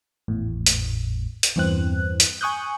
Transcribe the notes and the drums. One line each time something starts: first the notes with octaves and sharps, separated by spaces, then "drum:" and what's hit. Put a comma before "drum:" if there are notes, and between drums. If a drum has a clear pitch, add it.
G#1 E2 A2
drum: hi-hat
drum: hi-hat
E2 G2 E3 C4 F#6
drum: hi-hat
G#5 C#6 D#6 F#6 G6